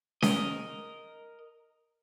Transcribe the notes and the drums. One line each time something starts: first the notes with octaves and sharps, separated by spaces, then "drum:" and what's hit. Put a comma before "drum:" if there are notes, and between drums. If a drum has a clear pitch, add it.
A#4 D#5, drum: snare C#4